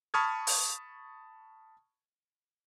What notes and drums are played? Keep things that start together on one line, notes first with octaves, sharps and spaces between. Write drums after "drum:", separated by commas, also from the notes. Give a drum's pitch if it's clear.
A5 B5 C#6 D#6 F6 G#6
drum: open hi-hat